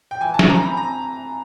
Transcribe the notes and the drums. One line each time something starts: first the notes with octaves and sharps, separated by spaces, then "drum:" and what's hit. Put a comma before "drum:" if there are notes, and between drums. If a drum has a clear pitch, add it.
G5
E3 G#5
A5
E3, drum: snare
A#5
C4
B5
C4 A#5